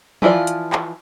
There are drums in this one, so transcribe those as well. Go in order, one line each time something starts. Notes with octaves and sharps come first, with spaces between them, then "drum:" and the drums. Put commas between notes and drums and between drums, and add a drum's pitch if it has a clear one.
E3 F3 E4 F4 D5, drum: tom F3
drum: hi-hat
drum: clap